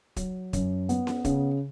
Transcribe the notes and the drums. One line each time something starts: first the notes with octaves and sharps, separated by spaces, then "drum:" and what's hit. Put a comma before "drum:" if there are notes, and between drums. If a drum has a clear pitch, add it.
F#3, drum: kick, hi-hat
F#2, drum: kick, hi-hat
B3, drum: hi-hat
drum: snare C#4
C#3, drum: kick, hi-hat